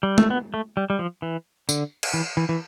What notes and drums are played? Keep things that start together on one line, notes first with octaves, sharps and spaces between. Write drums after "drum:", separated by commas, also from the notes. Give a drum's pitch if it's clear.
G3
A3, drum: tom G#3
B3
A3
G3
G3
F3
E3
D3, drum: tambourine
drum: cymbal
E3
E3
E3